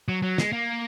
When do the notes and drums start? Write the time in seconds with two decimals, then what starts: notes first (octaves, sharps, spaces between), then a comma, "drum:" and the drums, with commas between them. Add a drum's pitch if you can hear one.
0.08 F#3
0.22 F#3
0.38 G#3, drum: snare
0.52 A#3